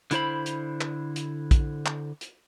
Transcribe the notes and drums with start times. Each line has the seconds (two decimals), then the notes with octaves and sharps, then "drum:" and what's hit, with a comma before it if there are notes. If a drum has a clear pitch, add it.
0.11 D3 E4 C5 B5, drum: hi-hat
0.46 drum: hi-hat
0.81 drum: clap
1.16 drum: hi-hat
1.51 drum: kick, hi-hat
1.86 drum: clap
2.21 drum: hi-hat